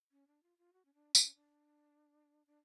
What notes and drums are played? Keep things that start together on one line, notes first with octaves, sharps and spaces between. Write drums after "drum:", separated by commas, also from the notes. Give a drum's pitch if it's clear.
C#4
D4
F4
F4
F#4
C#4
D4
C#4, drum: tambourine
D4
D4